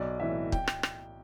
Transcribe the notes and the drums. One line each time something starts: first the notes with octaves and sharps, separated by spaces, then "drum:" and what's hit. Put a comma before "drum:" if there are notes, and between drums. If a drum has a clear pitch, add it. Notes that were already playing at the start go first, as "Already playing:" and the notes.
Already playing: B1 D5
A2 E3 E5
G5, drum: kick
drum: rim click
drum: rim click